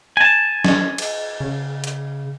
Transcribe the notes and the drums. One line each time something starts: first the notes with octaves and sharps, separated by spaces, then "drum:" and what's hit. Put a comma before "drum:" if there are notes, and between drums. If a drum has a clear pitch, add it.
G#5 A5
drum: snare
drum: cymbal
C#3
drum: hi-hat